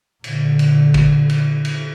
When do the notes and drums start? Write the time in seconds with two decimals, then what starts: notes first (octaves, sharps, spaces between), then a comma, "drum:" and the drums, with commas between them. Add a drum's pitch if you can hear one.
0.24 A#2 D3, drum: cymbal
0.59 drum: cymbal
0.94 drum: kick, cymbal
1.29 drum: cymbal
1.65 drum: cymbal